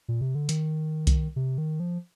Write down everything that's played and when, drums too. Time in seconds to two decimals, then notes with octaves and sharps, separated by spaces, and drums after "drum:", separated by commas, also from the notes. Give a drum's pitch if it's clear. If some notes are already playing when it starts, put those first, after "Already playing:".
0.08 A#2
0.21 C3
0.35 D3
0.49 D#3, drum: hi-hat
1.07 drum: kick C2, hi-hat
1.36 C3
1.58 D#3
1.80 F3